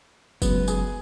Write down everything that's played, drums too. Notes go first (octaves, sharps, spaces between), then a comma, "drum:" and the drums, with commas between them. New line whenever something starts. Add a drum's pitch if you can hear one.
F#1 C#3 F#3 G#3 B3, drum: kick, tambourine
G#4, drum: tambourine